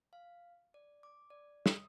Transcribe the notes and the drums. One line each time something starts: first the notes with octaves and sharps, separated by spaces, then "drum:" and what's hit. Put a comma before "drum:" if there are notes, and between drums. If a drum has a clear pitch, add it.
F5
D5
D6
D5
D#6, drum: snare